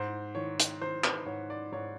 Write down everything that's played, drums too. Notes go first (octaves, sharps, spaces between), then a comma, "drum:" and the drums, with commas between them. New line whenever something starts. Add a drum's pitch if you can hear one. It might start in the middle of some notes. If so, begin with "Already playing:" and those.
Already playing: G#2 C5
D#3 C#5
drum: hi-hat
D#3 C5
B4, drum: clap
G#2 C#5
D5
G#2 C#5